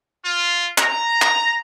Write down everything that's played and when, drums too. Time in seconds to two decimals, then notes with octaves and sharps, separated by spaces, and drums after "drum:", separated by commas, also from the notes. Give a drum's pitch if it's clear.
0.25 F4
0.78 A#5, drum: clap
1.22 drum: clap